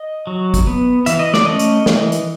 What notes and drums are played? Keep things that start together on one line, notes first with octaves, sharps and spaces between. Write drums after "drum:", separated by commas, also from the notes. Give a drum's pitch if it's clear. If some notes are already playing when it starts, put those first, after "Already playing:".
Already playing: D#5
F#3
drum: kick, hi-hat
B3
E3 E5, drum: hi-hat
D#5
D5, drum: snare
A3 C#4 D#5
drum: hi-hat
E3, drum: snare
drum: hi-hat